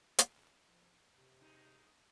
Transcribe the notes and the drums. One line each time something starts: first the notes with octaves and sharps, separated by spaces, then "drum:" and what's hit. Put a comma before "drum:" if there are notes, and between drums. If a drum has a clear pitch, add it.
drum: hi-hat
F3
C3
G#3 D#4